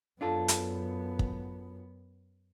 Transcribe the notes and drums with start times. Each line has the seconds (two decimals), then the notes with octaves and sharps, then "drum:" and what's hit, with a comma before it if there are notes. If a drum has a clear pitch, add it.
0.21 F#2 B3 D4 F4 A4
0.48 drum: hi-hat
1.19 drum: kick